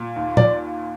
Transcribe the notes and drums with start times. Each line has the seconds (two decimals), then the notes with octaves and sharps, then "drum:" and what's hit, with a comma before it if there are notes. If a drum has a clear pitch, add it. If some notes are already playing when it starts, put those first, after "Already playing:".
Already playing: A#2
0.16 D#2
0.37 D5, drum: tom